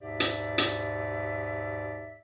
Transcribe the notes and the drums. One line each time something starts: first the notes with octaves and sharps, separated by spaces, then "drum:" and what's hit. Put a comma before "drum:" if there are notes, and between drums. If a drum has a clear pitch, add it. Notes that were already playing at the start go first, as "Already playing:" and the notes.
D#2 G#2 B2 G4 D5 E5
drum: hi-hat
drum: hi-hat